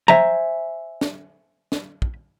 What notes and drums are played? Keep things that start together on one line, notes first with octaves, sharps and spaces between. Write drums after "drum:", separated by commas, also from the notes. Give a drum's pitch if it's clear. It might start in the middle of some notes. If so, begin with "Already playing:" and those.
C5 E5 G#5 A#5, drum: tom
drum: snare
drum: snare
drum: kick